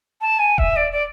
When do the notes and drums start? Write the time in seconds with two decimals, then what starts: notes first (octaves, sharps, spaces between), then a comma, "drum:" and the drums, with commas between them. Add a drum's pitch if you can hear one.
0.21 A5
0.39 G#5
0.58 E5, drum: kick D#1
0.76 D5
0.92 D5